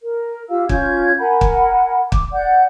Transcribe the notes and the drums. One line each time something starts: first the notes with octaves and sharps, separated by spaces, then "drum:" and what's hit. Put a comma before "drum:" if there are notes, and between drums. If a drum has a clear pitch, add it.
A#4
F4 G4 F5 E6
C#4 F4 G6 G#6, drum: kick
A#4 F#5 G#5 B5
drum: kick
D6, drum: kick
D5 F#5 G6